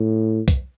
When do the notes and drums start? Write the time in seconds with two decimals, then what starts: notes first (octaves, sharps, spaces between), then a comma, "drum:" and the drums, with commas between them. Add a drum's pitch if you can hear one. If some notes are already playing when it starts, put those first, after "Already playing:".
Already playing: A2
0.48 drum: kick, hi-hat